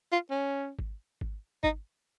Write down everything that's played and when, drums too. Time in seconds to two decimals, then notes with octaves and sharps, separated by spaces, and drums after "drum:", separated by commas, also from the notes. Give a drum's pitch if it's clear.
0.12 F4
0.31 C#4
0.79 drum: kick G#1
1.21 drum: kick G#1
1.64 D#4, drum: kick G#1